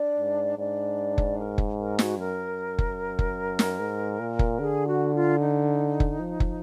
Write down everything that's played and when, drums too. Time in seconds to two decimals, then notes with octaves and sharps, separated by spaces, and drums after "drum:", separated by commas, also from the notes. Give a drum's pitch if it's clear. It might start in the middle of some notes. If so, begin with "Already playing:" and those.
Already playing: D4 D5
0.18 G#2
0.57 G#2 D4 D5
1.18 drum: kick
1.38 A#4
1.58 drum: kick
1.78 A#4
1.99 F#4, drum: snare
2.18 F#2 A#4
2.79 drum: kick
3.19 drum: kick
3.59 drum: snare
3.80 G#2
4.20 A#2
4.39 drum: kick
4.59 D3 G#4
4.86 F#4
5.13 F4
5.40 D#4
6.00 drum: kick
6.20 F3
6.40 drum: kick